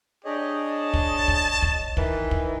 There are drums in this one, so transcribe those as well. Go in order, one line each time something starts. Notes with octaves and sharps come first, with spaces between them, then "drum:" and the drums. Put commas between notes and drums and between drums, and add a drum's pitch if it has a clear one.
D4 G4 G#4 C#5 D#5
A5
drum: kick
drum: kick
drum: kick
D#3 E3 B4, drum: kick
drum: kick